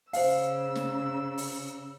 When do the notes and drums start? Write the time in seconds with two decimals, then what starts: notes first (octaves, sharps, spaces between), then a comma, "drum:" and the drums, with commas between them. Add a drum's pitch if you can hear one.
0.13 C#3 C5 F5 E6 C7, drum: open hi-hat
0.75 drum: snare
1.38 drum: open hi-hat